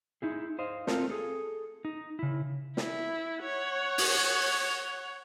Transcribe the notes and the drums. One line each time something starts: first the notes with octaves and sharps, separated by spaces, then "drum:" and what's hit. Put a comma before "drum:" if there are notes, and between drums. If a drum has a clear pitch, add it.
D#4 E4 G#4
C5 D#5 F5
A3 C4 F4 A4 A#4, drum: snare
G#4 A4
D#4
C#3 E4
E4, drum: snare
C#5 F#5
drum: open hi-hat